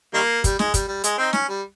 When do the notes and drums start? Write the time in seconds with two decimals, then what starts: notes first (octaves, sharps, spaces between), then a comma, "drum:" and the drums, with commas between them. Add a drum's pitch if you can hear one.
0.14 D#3 G3 A#3
0.44 G3, drum: kick, hi-hat
0.59 G#3, drum: snare
0.74 G3, drum: kick, hi-hat
0.88 G3
1.04 G#3, drum: hi-hat
1.18 C4 D#4
1.33 C#4, drum: snare
1.49 G3